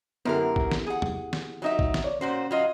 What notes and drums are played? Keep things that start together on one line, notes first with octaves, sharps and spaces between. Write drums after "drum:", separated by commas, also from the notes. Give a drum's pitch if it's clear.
F#2 D3 B3 E4 G4 A#4
drum: kick A1
drum: snare
G#4 F#5
drum: tom
drum: snare
F#3 D#4 E5
drum: kick A1
drum: snare
C#5 D5
A#2 C#4 F#4 C5
F#3 F4 D#5